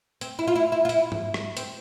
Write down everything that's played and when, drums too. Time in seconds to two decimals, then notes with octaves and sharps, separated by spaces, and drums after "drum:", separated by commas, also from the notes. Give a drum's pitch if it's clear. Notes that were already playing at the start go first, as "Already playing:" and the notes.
0.21 C4, drum: hi-hat
0.39 E4
0.48 F4
0.55 E4
0.72 E4
0.85 F4
0.89 E4, drum: hi-hat
1.12 drum: tom G#2
1.34 drum: rim click
1.57 C4, drum: hi-hat